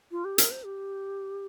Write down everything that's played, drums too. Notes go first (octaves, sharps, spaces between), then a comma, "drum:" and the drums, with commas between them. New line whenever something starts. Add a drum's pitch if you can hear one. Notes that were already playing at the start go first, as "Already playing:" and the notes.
F4
G4
A#4, drum: hi-hat
C5
G4